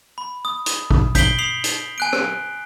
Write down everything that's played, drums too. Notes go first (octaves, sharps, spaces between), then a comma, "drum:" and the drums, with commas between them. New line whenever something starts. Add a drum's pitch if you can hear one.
B5
D#6
drum: hi-hat
drum: kick
G6 B6 C7 D7 F#7 G7, drum: kick, hi-hat
D#6 C7 F7 F#7
drum: hi-hat
G#5 F#6 D7
drum: rim click